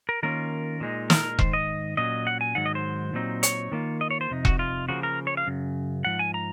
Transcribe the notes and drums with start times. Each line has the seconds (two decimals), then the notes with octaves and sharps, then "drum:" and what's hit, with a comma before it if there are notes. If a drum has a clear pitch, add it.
0.09 A#4
0.23 D#3 A#3 C#4 F4 A#4
0.80 A#2 G#3 D#4
1.10 A#4, drum: snare
1.39 G#2 D#3 C5, drum: kick E1
1.53 D#5
1.97 A#2 F#3 C#4 D#5
2.27 F#5
2.41 G#5
2.55 G#2 D#3 F#3 F#5
2.66 D#5
2.75 C5
3.13 A#2 F#3 C4 D#4
3.43 C#5, drum: hi-hat
3.72 D#3 A#3 F4
4.01 D#5
4.11 C#5
4.21 C5
4.30 F2 C3 D#4
4.45 F#4, drum: kick E1
4.59 F4
4.89 C#3 F3 A#3 F#4
5.03 A#4
5.27 C#5
5.37 F5
5.47 F#2 C#3
6.05 G#2 F3 F#5
6.19 G#5
6.34 A#5